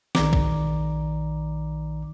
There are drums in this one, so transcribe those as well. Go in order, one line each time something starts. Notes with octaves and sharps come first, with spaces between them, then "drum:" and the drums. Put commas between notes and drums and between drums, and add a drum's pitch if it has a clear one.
A#1 D#3 D5 A#5 D6, drum: snare
drum: kick